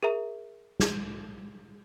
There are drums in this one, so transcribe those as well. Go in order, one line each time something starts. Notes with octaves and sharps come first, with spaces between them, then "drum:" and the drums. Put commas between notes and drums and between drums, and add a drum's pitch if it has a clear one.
G#4 A#4 E5 A#5
drum: snare